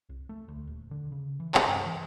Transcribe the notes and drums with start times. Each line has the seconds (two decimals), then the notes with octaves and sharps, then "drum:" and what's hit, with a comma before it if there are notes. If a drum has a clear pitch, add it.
0.09 C2
0.29 A3
0.48 D2
0.67 D#1
0.91 D3
1.12 C#3
1.40 E3
1.55 C3, drum: clap
1.67 G2
1.86 E3